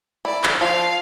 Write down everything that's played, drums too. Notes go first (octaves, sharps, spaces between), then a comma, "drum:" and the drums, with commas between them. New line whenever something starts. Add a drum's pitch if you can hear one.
E4 D5
drum: clap
F3 F5